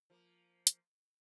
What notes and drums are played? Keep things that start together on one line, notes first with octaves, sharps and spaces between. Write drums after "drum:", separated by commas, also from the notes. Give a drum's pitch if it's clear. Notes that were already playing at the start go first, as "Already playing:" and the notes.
F3 A#3
drum: hi-hat